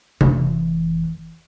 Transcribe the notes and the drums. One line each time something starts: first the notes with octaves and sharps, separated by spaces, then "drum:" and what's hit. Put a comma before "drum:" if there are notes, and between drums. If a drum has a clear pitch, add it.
F1 E3, drum: tom C3